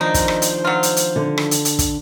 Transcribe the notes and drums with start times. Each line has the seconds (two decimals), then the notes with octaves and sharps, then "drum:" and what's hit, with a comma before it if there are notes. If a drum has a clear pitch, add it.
0.01 D#3 F3 D4 D#4 C5
0.14 drum: kick, hi-hat
0.28 drum: rim click
0.42 drum: hi-hat
0.65 F#3 F4
0.83 drum: hi-hat
0.96 drum: hi-hat
1.16 D3
1.38 drum: rim click
1.51 drum: hi-hat
1.65 drum: hi-hat
1.79 drum: kick, hi-hat